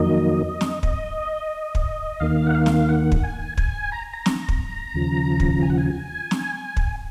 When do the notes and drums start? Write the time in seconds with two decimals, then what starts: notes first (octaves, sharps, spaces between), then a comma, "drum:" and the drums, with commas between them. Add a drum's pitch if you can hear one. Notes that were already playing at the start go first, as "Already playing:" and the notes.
Already playing: F2 D#3 F#3 A#3 D#5
0.61 drum: snare
0.83 D#5, drum: kick
1.75 drum: kick
2.20 D#2 D#3 A#3 F5
2.47 F#5
2.55 F5
2.66 drum: snare
2.89 F#5
3.12 drum: kick
3.23 G#5
3.57 G#5, drum: kick
3.92 A#5
4.13 A#5
4.26 drum: snare
4.48 drum: kick
4.94 D#2 C#3 F3
5.40 drum: kick
5.63 G#5
5.70 F#5
5.78 G#5
6.31 drum: snare
6.77 drum: kick